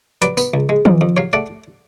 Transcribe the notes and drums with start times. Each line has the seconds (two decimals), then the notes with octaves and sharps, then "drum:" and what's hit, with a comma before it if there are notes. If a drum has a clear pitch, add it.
0.22 F#3 B4 D5, drum: hi-hat
0.37 B3, drum: tambourine
0.54 C#2
0.69 G#3
0.85 F2, drum: tom
1.01 F2
1.17 F#3 C#5 F5
1.33 A3 D5 F#5